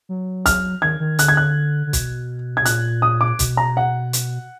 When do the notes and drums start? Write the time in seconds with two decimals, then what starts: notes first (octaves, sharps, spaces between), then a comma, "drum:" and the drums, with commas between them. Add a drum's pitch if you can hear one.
0.09 F#3
0.46 F6, drum: kick, hi-hat
0.82 D#3 G#6
1.00 D#3
1.19 D3 F#6, drum: hi-hat
1.28 G#6
1.37 F#6
1.87 D3
1.93 B2, drum: kick, hi-hat
2.57 G#6
2.61 B2
2.65 A#2 F#6, drum: hi-hat
3.02 D#6
3.21 D6
3.39 B2, drum: kick, hi-hat
3.57 A#5
3.77 F#5
4.13 drum: hi-hat